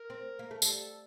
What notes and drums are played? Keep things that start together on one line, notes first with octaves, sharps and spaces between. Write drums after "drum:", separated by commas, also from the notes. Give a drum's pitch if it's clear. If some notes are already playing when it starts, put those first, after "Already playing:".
Already playing: A#4
C4
A#3
A3
G3 A4, drum: tambourine